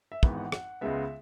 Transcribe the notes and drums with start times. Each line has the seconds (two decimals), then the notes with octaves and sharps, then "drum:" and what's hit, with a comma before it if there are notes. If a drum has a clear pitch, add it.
0.12 E5
0.23 G#1 G#2 E3 B3 F#5, drum: kick
0.37 F#5
0.52 F#5, drum: rim click
0.81 C#2 C#3 G#3 B3 E5